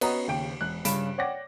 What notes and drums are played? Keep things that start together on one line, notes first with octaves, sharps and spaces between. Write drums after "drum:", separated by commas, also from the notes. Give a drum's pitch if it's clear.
B3 C#4 F#4 D#5 F#5 A#5, drum: cymbal
D#2 C#3 G5 D7
E1 F#6
G2 C#3 B5 D7 E7, drum: hi-hat
C#5 D5 F#5 G5 D6 A#6